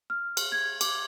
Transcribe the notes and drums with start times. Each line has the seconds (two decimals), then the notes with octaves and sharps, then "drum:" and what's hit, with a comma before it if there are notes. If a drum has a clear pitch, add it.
0.10 F6
0.37 drum: cymbal
0.52 G#6
0.81 D6, drum: cymbal